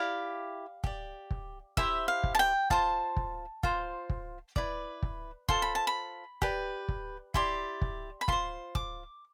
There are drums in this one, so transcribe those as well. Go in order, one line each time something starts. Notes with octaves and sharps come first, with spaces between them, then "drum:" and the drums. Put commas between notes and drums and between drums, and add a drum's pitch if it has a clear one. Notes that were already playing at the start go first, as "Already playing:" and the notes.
Already playing: E4 G4 D5 F5
G4 D5, drum: kick
drum: kick
E4 G4 C5 E5, drum: kick
F5
drum: kick
A5
G5
F4 C5 A5, drum: kick
drum: kick
F4 C5, drum: kick
drum: kick
E4 B4 D5, drum: kick
drum: kick
F4 A4 C5 C6, drum: kick
B5
A5
B5
G4 B4 D5, drum: kick
drum: kick
E4 G4 D5 C6, drum: kick
drum: kick
B5
F4 C5 C6, drum: kick
D6, drum: kick